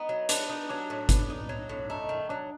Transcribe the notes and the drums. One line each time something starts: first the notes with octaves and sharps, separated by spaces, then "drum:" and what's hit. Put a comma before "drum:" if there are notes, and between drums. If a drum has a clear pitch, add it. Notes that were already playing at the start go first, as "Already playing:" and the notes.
Already playing: B3 D#4
F#3
B3 D4, drum: hi-hat
D#4
F#3 D4
A2
B3, drum: kick G1, hi-hat
D#4
F#3
A2
A3 D#4
D#3
F#3 D4